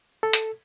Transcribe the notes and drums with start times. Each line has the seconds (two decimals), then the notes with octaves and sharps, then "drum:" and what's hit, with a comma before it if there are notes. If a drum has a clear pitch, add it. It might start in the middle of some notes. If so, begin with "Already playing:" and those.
0.23 A4
0.33 drum: hi-hat